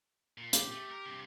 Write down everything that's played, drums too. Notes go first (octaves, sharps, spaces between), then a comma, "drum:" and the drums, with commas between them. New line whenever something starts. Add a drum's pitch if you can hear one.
A#2
G4, drum: hi-hat
A3
A#4
G2 C3